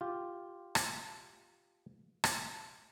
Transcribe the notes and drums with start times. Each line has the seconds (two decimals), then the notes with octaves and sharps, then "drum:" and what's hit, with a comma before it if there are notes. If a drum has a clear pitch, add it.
0.01 F4 G4
0.75 drum: rim click
2.24 drum: rim click